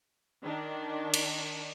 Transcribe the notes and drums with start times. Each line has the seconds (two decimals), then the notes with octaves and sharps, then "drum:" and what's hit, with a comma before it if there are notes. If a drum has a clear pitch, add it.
0.42 D#3 D4
1.14 drum: cymbal